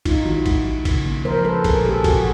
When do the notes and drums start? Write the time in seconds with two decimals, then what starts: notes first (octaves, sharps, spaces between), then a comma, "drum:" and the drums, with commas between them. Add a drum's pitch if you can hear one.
0.05 G#3 D#4 F4, drum: kick G#1, cymbal
0.26 D#3 E4 F#4
0.46 G#3, drum: kick G#1, cymbal
0.66 G#3
0.85 C#3, drum: kick G#1, cymbal
1.05 A#3
1.25 F3 A#4 C5
1.44 G#3 A4 B4
1.64 A#2 G#4 A#4, drum: kick G#1, cymbal
1.85 G#3 G4 A4
2.04 A#2 F#4 G#4, drum: kick G#1, cymbal